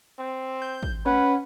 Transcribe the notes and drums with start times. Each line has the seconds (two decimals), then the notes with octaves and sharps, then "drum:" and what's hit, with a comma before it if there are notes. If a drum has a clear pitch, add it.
0.19 C4
0.62 G6
0.83 drum: kick
1.06 C#4 B4 F#5, drum: tom G#3